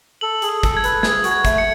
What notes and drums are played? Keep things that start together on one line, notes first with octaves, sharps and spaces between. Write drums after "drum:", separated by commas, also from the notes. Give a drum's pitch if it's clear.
A4 F#7
G#4, drum: hi-hat
F#7
A4, drum: kick, hi-hat
G#6
B4, drum: hi-hat
G#4 G#6, drum: snare
F#4, drum: hi-hat
G#6
A3, drum: kick, hi-hat
C#7